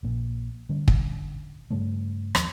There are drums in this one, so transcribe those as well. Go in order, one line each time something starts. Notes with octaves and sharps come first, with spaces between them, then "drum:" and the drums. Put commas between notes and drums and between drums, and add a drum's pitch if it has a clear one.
A#1 A#2
D3 G3 C#4
drum: kick
G2 C#3 G3 A3
D#2 F3, drum: rim click